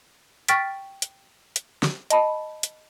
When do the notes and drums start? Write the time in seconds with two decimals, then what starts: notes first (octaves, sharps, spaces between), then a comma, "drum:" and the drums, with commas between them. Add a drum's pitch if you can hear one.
0.48 G5 C#6 F6 A6 B6 D7, drum: hi-hat
1.02 drum: hi-hat
1.56 drum: hi-hat
1.83 drum: snare
2.10 D#5 A5 B5, drum: hi-hat
2.63 drum: hi-hat